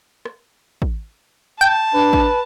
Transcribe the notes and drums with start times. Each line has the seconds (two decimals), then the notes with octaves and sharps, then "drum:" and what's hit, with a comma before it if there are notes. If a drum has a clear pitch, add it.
0.25 drum: rim click
0.82 drum: kick
1.61 G5 A5
1.94 D4 B4
2.13 drum: kick